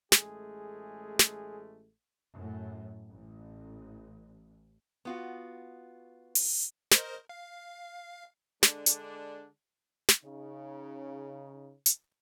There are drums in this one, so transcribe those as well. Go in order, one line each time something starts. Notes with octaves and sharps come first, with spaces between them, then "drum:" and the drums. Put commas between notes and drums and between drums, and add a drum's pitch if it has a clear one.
A1 G#3 A3 G#4, drum: snare
drum: snare
F#2 A2
A1
B3 F4 F#4
drum: open hi-hat
A#4 C5 D#5, drum: snare
F5
D3 G#3 D4, drum: snare
drum: hi-hat
drum: snare
C#3 D#4
drum: hi-hat